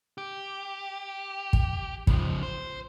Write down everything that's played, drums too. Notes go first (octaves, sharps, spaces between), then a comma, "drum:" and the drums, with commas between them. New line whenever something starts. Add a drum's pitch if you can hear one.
G4
drum: kick
C#3 F3, drum: kick
C5